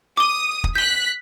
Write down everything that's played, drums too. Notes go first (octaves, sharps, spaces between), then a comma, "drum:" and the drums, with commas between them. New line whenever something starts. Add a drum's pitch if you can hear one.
D6 D#6 G7
drum: kick
F#6 G6 B6 G7